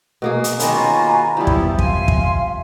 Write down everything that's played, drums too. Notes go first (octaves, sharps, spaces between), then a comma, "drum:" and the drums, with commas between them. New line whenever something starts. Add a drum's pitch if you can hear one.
B2 A#3 G#4
drum: hi-hat
D#3 A#3 C#4 F4 F#4 G#5 A#5 B5, drum: hi-hat
F3 G3 B3 E4 E5
drum: kick
E5 F5 G#5 C6, drum: kick
drum: kick